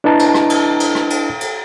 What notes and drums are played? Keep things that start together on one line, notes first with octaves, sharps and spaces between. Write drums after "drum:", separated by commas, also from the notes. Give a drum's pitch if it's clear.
D4 E4 B4 D#5 A5 A#5
drum: cymbal
drum: rim click
drum: cymbal
drum: cymbal
drum: rim click
drum: cymbal
drum: cymbal